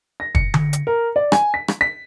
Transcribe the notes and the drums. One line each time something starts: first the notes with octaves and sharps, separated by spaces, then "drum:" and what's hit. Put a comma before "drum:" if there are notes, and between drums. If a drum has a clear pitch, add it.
A#6
C#7, drum: kick
drum: tom D3
drum: hi-hat
A#4
D5
G#5, drum: rim click
B6
drum: rim click
B6